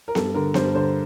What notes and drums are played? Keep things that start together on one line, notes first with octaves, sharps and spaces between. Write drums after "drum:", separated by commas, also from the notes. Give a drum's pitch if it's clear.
A#4
G2 A4, drum: snare B3
D3 A#4
G2 C5, drum: snare B3
D3 C5